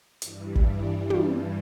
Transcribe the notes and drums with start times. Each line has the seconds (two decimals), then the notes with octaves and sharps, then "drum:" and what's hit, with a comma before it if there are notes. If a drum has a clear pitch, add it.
0.22 G2 E3 G3, drum: hi-hat
0.55 drum: kick
1.10 drum: tom